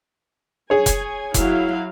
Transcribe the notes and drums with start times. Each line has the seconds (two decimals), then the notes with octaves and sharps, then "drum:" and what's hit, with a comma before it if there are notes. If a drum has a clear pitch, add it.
0.70 G#4 C#5 G#5
0.86 drum: kick F1, hi-hat
1.34 F#3 E4 F5, drum: kick F1, hi-hat